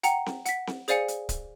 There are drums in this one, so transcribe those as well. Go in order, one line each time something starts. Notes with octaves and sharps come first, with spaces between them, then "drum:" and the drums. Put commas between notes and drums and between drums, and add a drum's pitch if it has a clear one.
F#5 G5 A#5 C#7, drum: hi-hat
drum: snare C4
F#5 B6, drum: hi-hat
drum: snare C4
G#4 C5 D5 F5 G#5 C#7, drum: hi-hat
drum: hi-hat
drum: kick C#1, hi-hat